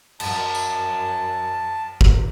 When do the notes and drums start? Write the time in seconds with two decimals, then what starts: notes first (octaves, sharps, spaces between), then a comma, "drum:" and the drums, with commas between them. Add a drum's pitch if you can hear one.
0.20 F#2 A5, drum: cymbal
0.55 drum: tambourine
2.01 drum: kick